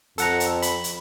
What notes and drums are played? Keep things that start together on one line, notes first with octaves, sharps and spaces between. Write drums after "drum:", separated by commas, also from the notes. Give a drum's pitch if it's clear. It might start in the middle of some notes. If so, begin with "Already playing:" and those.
F2 A4 F#5 A#5, drum: hi-hat
drum: hi-hat
B5, drum: hi-hat
drum: hi-hat